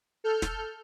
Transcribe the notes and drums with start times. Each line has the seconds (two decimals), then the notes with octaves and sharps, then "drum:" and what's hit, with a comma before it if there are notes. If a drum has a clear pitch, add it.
0.24 A4 F6 G6
0.42 drum: snare